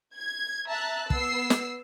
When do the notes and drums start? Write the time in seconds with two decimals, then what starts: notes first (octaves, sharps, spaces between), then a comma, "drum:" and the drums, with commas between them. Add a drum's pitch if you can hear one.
0.17 G#6
0.68 E5 A5 A#5 F#6
1.10 B3 E6 C7, drum: kick
1.50 drum: snare